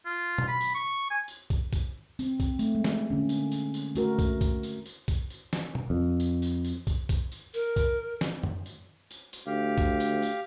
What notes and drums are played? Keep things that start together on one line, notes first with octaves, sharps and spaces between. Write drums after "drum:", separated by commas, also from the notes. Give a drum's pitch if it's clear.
F4
drum: tom
B5
drum: tambourine
C#6
G#5
drum: tambourine
drum: kick, tambourine
drum: kick, tambourine
C4, drum: tambourine
drum: kick, tambourine
A3, drum: tambourine
G#3
drum: snare
D3 A#3 C#4
drum: tambourine
drum: tambourine
drum: tambourine
A3 F#4 A#4, drum: tambourine
drum: kick, tambourine
drum: kick, tambourine
drum: tambourine
drum: tambourine
drum: kick, tambourine
drum: tambourine
drum: snare
drum: tom
F2
drum: tambourine
drum: tambourine
drum: tambourine
drum: kick, tambourine
drum: kick, tambourine
drum: tambourine
A#4, drum: tambourine
drum: kick, tambourine
drum: snare
drum: tom F#2
drum: tambourine
drum: tambourine
drum: tambourine
D2 G4 F5
drum: kick, tambourine
drum: tambourine
drum: tambourine